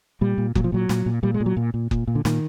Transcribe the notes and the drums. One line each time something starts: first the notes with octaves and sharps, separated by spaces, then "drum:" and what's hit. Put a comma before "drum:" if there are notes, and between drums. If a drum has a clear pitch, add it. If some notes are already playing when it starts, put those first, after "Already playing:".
A#2 G3
A#2
A#2 F#3, drum: kick F#1
F3
A#2 F#3
A#2, drum: snare
A#2
A#2 G3
G#3
A#2
F#3
A#2
A#2
A#2, drum: kick F#1
A#2
D3
A#2 D#3, drum: snare